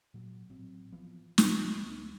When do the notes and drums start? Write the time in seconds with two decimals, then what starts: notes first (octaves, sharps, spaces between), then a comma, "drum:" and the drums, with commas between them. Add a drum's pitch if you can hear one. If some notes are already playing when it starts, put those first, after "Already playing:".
0.14 A#2 F#3
0.50 A1 F#3 C4
0.93 E3 F3 B3
1.38 drum: snare
1.83 D2 F3 B3